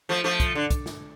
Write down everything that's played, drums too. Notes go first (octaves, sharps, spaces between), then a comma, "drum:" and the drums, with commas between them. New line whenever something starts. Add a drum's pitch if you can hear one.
F3 A3
F3 A3
drum: kick, hi-hat
D3
drum: kick, hi-hat
drum: snare